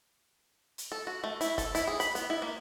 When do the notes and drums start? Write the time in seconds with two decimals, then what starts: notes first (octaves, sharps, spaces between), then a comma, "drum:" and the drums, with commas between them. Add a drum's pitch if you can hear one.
0.78 drum: hi-hat
0.92 A4
1.07 F#4
1.24 A3
1.41 E4, drum: hi-hat
1.58 A4, drum: kick, hi-hat
1.75 E4, drum: hi-hat
1.87 G#4
2.00 B5, drum: hi-hat
2.15 B3, drum: hi-hat
2.30 E4
2.42 A#3